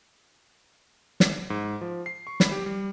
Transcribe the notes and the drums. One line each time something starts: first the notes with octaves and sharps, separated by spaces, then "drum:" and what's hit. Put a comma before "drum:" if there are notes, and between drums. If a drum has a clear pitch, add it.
drum: snare
G#2
F3
C7
C#6
B5, drum: snare
G4
G3